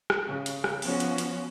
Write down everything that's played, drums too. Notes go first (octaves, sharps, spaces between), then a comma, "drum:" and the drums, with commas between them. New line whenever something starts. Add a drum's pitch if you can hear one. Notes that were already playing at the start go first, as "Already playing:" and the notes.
drum: rim click
C#3
drum: hi-hat
drum: rim click
F3 B3 C#4 F#4, drum: open hi-hat
drum: hi-hat
drum: hi-hat